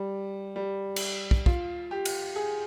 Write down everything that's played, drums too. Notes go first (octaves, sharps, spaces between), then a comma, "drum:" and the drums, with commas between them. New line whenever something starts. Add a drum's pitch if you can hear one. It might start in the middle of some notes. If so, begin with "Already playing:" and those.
Already playing: G3
G3
drum: cymbal
drum: kick
F4, drum: kick
G4
drum: cymbal
G#4